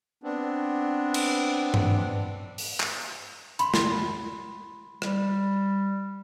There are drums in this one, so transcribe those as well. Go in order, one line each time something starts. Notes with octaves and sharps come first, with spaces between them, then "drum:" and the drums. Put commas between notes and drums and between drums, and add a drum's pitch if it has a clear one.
B3 C4 D4
drum: cymbal
drum: tom G2
drum: open hi-hat
drum: clap
B5 C6, drum: hi-hat
drum: snare
G3, drum: rim click